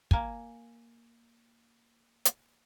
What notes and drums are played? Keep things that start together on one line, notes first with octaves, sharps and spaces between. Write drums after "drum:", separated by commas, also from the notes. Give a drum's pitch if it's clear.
A#3 G#5, drum: kick
drum: hi-hat